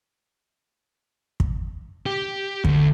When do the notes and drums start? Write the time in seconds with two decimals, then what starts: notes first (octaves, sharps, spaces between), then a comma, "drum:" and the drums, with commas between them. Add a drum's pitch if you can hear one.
1.40 drum: kick
2.06 G4
2.64 D2, drum: kick